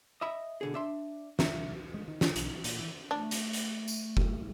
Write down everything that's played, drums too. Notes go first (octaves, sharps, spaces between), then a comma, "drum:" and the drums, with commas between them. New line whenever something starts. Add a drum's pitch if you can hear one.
D#5 E5 B5
B2 D3 G#4
D4 E5 C6
C2 E5 A#5, drum: snare
G#3
D#3
C#3, drum: snare
B1, drum: hi-hat
E3
A#2, drum: hi-hat
E3
A3 D4
drum: hi-hat
drum: hi-hat
drum: tambourine
drum: kick F#1